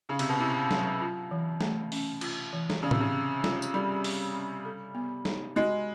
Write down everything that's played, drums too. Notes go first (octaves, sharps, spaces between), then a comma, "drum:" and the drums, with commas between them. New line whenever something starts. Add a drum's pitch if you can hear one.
C#3 C#4
C3, drum: cymbal
B2
C3 E4
F#3, drum: snare
F4
E3
A3, drum: snare
C#4, drum: open hi-hat
F4, drum: cymbal
E3
drum: snare
C#3 D5
C3, drum: tom A2
C#3
C#4
F4, drum: snare
drum: tambourine
G3 A4
D5, drum: open hi-hat
C#4
A4
B3
D#4, drum: snare
G#3 F#4